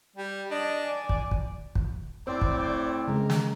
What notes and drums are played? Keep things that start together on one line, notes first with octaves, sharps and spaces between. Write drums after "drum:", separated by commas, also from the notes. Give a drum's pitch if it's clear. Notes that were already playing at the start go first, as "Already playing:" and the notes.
G3
D4 D#5
D5 G#5
drum: kick
drum: kick
drum: kick
A2 C4 C5 D5
drum: kick
C#3 G#3 A#4
drum: snare